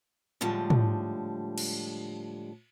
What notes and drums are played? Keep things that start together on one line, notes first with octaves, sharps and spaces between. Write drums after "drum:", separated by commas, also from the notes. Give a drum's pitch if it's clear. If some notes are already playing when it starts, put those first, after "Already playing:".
A2 D3 F3 G3 G#3
drum: tom
drum: cymbal